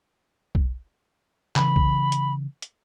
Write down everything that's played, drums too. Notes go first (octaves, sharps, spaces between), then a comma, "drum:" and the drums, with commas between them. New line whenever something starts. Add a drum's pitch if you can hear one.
drum: kick B1
C#3 E3 B5, drum: clap
drum: kick B1
drum: hi-hat
drum: hi-hat